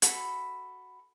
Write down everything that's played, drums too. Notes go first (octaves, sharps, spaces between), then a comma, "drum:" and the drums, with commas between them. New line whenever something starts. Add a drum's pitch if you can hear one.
F#4 A4 B5, drum: hi-hat